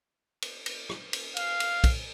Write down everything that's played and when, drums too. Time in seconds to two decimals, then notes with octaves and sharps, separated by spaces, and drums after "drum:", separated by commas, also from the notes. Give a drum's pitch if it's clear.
0.42 drum: cymbal
0.66 drum: cymbal
0.89 drum: rim click
1.13 drum: cymbal
1.37 F5, drum: cymbal
1.60 drum: cymbal
1.84 drum: kick, cymbal